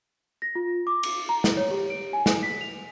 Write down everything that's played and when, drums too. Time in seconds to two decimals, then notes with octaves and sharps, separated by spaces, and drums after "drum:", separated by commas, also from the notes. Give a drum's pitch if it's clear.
0.42 A#6
0.55 F4
0.87 D6
1.03 drum: cymbal
1.29 A#5
1.44 drum: snare
1.57 C#5
1.71 G4
1.90 D7
2.13 G#5
2.26 drum: snare
2.43 B6
2.61 F7